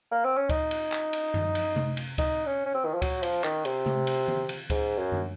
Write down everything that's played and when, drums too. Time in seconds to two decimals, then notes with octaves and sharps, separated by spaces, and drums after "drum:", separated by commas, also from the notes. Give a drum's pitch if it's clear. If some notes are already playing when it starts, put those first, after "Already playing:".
0.11 A#3
0.25 C4
0.37 C#4
0.49 D#4, drum: kick C#2, cymbal
0.71 drum: cymbal
0.92 drum: clap
1.13 drum: cymbal
1.34 drum: tom F#2
1.55 drum: cymbal
1.76 drum: tom C3
1.97 drum: cymbal
2.18 D#4, drum: kick C#2, cymbal
2.46 C#4
2.66 C#4
2.74 C4
2.85 D#3
2.94 F3
3.02 F#3, drum: kick C#2, cymbal
3.23 F3, drum: cymbal
3.44 D#3, drum: clap
3.65 C3, drum: cymbal
3.86 drum: tom C3
4.07 drum: cymbal
4.28 drum: tom D#3
4.49 drum: cymbal
4.70 G#2, drum: kick C#2, cymbal
4.98 F#2
5.12 drum: tom F#2